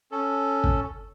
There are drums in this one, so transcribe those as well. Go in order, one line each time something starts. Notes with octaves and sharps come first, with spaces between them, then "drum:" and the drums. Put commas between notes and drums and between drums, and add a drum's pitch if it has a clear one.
C#4 A4
drum: kick